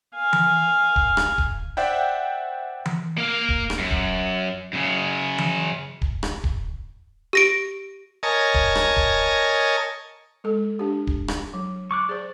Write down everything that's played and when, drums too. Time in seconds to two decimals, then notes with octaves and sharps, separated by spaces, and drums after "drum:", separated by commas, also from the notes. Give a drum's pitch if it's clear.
0.16 F5 G#5
0.33 drum: tom E3
0.96 drum: kick D1
1.17 drum: rim click
1.38 drum: kick D1
1.77 C5 D5 E5 F#5 G5
2.86 drum: tom E3
3.18 A#3 F5
3.49 drum: kick D1
3.70 drum: rim click
3.79 F#2
3.91 drum: kick D1
4.73 F#2 C#3
5.38 drum: tom E3
6.02 drum: kick D1
6.23 drum: rim click
6.44 drum: kick D1
7.33 G4 A#6 D7
8.23 A#4 C#5 D#5 G#5 A5
8.54 drum: kick D1
8.75 drum: rim click
8.97 drum: kick D1
10.44 G#3 A4
10.79 D4 G4
11.07 drum: kick D1
11.28 drum: rim click
11.54 F#3
11.91 C#6 D6 F#6
12.09 G#4 C5 D5